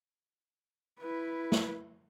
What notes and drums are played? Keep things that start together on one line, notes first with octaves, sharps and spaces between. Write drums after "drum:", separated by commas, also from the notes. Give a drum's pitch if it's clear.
E4 B4
drum: snare